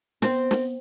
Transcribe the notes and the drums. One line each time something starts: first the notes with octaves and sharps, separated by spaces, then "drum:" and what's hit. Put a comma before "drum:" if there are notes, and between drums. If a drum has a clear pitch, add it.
B3 C4, drum: snare
drum: snare